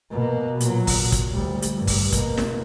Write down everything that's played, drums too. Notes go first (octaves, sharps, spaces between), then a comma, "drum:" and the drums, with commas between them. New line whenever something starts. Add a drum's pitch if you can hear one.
B2 A#3
A#2 F#3, drum: hi-hat
drum: kick, open hi-hat
drum: kick, hi-hat
D2 G3
drum: hi-hat
G2
drum: kick, open hi-hat
B2 A#3, drum: kick, hi-hat
drum: snare